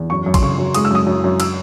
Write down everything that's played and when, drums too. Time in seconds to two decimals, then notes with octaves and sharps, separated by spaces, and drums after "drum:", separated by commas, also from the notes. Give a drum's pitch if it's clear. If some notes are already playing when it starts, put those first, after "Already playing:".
Already playing: E2
0.10 F#2 C#6
0.26 F#2
0.34 C6, drum: kick A#1, cymbal
0.42 C#3 C#6
0.58 F#2
0.74 G#3 D#6, drum: cymbal
0.85 E6
0.91 F#2 D#6
1.07 F#2
1.24 F#2
1.40 E6, drum: cymbal